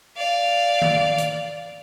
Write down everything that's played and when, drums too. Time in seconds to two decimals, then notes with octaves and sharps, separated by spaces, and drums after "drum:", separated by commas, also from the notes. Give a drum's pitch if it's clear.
0.17 D5 F5
0.82 drum: tom D#3
1.18 drum: hi-hat